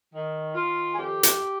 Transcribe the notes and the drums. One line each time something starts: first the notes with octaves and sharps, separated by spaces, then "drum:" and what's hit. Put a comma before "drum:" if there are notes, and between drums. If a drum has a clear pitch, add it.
D#3
D#3 F4
G#4
F2 G4
drum: hi-hat